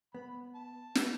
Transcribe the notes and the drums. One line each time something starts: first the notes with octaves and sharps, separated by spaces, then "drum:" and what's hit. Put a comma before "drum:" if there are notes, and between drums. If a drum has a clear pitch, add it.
B3 B5
A5
B3, drum: snare